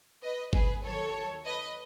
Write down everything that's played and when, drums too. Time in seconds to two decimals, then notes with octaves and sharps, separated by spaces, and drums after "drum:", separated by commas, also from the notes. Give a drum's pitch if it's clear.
0.23 B4 D#5
0.53 G#4 B4, drum: kick G1
0.83 D#2 D#3 F#3 A4 C#5
1.45 B4 D#5